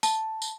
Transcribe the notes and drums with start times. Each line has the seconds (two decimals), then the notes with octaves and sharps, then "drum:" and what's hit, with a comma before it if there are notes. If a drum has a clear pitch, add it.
0.03 A5, drum: tambourine
0.42 drum: tambourine